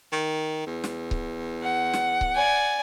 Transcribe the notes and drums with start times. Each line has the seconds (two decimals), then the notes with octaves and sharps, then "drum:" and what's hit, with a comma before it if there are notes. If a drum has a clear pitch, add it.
0.12 D#3
0.67 E2
0.84 drum: snare
1.11 drum: kick C#1
1.62 F#5
1.93 drum: snare
2.21 drum: kick C#1
2.35 D5 G#5